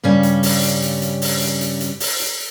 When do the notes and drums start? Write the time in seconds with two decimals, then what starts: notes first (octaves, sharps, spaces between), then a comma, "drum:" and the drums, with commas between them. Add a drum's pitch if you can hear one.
0.03 G2 C#3 G3 C#4
0.23 drum: hi-hat
0.43 drum: open hi-hat
0.63 drum: hi-hat
0.82 drum: hi-hat
1.02 drum: hi-hat
1.22 drum: open hi-hat
1.41 drum: hi-hat
1.61 drum: hi-hat
1.81 drum: hi-hat
2.00 drum: open hi-hat
2.20 drum: hi-hat